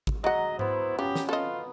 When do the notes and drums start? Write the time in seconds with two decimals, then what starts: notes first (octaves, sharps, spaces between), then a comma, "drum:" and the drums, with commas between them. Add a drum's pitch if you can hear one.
0.07 drum: kick G#1
0.24 F#3 G#3 D#5 F#5
0.59 B3 E4 C5, drum: tom G#2
0.99 F3 C#4 G4
1.15 drum: snare
1.29 F4 A4 D#5